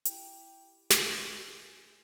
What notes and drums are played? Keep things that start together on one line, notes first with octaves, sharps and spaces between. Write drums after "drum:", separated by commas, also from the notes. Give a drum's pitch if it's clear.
E4 G4 G5, drum: hi-hat
G#5, drum: snare